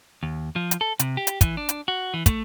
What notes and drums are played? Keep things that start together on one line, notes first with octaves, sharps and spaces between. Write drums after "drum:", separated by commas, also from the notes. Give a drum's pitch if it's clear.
D#2
F3
drum: hi-hat
A4
C3, drum: hi-hat
G4
drum: hi-hat
E3, drum: kick, hi-hat
D4
drum: hi-hat
F#4
E3
A3, drum: kick, hi-hat